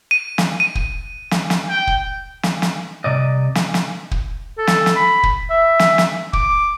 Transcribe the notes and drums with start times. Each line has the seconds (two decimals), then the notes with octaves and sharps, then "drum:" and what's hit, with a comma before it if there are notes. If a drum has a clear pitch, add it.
0.11 D#7
0.38 drum: snare
0.60 D#7
0.75 drum: kick
1.31 drum: snare
1.50 drum: snare
1.69 G5
1.87 drum: kick
2.43 drum: snare
2.62 drum: snare
3.04 C2 C3 D5 D#5
3.55 drum: snare
3.74 drum: snare
4.11 drum: kick
4.58 A4
4.67 drum: snare
4.86 drum: snare
4.96 B5
5.23 drum: kick
5.50 E5
5.79 drum: snare
5.98 drum: snare
6.33 D6, drum: kick